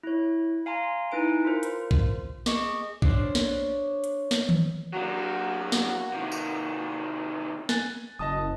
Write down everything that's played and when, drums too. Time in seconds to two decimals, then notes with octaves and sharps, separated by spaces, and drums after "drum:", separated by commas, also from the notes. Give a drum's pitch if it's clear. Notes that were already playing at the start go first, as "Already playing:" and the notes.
0.03 E4 C#5
0.66 F5 G#5 A#5 C6
1.11 D#4 E4 B4 G#5 D7
1.45 F4 A#4 C5
1.63 drum: hi-hat
1.91 drum: kick A#1
2.46 G#4 D#5 C#6 D6, drum: snare
3.02 D4 C5 C#5, drum: kick A#1
3.35 drum: snare
4.04 drum: hi-hat
4.31 drum: snare
4.49 drum: tom D#3
4.93 F#3 A#3 D4 F#4 F#5
5.72 drum: snare
6.14 C3 D#3
6.32 drum: tambourine
7.69 G#5 F#6 A6, drum: snare
8.19 F#1 D#5 A5 D#6